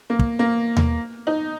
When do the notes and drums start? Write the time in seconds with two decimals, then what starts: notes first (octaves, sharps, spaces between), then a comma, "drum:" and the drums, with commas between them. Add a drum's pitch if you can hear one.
0.10 A#3
0.19 drum: kick
0.39 A#3
0.77 drum: tom D#2
1.27 D#4